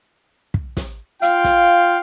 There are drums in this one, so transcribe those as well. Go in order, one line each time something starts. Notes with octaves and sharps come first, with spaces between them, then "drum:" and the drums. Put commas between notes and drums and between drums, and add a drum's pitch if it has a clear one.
drum: kick
drum: snare
F4 F5 G5, drum: hi-hat
drum: snare